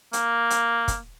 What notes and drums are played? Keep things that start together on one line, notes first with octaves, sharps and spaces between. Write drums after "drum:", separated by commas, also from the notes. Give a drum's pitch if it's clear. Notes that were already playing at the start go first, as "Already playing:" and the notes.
A#3, drum: hi-hat
drum: hi-hat
drum: kick, hi-hat